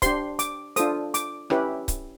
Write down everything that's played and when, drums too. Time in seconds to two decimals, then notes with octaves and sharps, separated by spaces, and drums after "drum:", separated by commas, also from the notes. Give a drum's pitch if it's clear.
0.02 D4 G4 C5 C6, drum: kick C#1, hi-hat
0.39 D6, drum: hi-hat
0.76 D4 F4 A4 C5 D#6, drum: hi-hat
1.14 D6, drum: hi-hat
1.50 C#4 E4 G4 B4, drum: rim click
1.88 drum: kick C#1, hi-hat